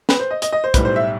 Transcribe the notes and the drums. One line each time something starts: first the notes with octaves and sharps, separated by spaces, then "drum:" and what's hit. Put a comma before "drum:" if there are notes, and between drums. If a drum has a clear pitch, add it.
B4, drum: snare
C5
D#5
D#5, drum: hi-hat
D#5
C5
B1 A2 G3 B4, drum: kick, hi-hat
C5
E5